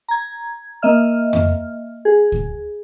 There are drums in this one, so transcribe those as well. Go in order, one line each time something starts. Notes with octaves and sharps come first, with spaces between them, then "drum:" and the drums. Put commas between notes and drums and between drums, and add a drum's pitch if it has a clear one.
A#5 G#6
A#3 D#5 E5 F6
drum: tom F2
G#4
drum: kick